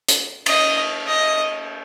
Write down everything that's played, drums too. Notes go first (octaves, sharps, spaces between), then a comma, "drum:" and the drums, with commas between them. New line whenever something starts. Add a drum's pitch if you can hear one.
drum: hi-hat
D#5, drum: cymbal
D#5